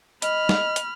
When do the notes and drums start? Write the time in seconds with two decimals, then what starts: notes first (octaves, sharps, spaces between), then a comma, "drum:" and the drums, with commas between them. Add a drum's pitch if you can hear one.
0.22 D#5 B5 F6, drum: hi-hat
0.49 drum: snare
0.76 drum: hi-hat